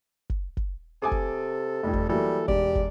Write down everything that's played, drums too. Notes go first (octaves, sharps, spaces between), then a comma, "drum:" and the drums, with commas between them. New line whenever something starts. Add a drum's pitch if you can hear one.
drum: kick
drum: kick
C3 A4 G#5 D6 D#6
drum: kick
F1 F2 G3
drum: kick
E3 F#3 G3 A#3 A4
E1 G4 D5, drum: kick
drum: kick